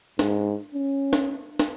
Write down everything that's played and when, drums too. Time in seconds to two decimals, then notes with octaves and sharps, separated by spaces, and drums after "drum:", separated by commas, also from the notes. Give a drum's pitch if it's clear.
0.19 G#2, drum: snare
0.75 C#4
1.13 drum: snare
1.59 drum: snare